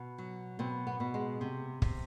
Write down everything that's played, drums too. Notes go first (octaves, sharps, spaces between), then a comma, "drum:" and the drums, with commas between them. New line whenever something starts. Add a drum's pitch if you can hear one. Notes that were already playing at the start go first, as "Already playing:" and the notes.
Already playing: B2
F#3
B2 C4
B3
B2
G#3
C3
C3, drum: kick